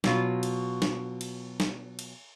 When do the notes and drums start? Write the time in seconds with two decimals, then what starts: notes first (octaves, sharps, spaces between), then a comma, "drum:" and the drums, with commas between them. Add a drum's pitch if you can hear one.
0.04 B2 F#3 F4, drum: snare
0.43 drum: cymbal
0.82 drum: snare
1.21 drum: cymbal
1.60 drum: snare
1.99 drum: cymbal